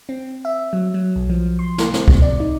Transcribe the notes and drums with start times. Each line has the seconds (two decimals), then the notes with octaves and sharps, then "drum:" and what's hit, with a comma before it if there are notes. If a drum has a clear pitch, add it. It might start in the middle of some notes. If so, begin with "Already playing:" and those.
0.09 C4
0.45 E5
0.73 F#3
0.94 F#3
1.16 B1
1.30 F3
1.59 C6
1.78 A#3, drum: snare
1.94 C4, drum: snare
2.08 drum: kick C2
2.22 D5
2.40 D#4